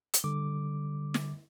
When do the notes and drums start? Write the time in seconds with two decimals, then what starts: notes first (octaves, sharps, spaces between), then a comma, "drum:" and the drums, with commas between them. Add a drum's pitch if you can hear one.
0.14 drum: hi-hat
0.24 D3 G3 D6
1.14 drum: snare